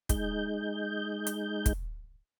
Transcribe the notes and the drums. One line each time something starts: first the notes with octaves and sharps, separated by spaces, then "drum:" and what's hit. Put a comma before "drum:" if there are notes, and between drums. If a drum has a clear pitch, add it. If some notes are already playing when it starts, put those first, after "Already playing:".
G#3 D#4 G6, drum: kick, hi-hat
drum: hi-hat
drum: kick, hi-hat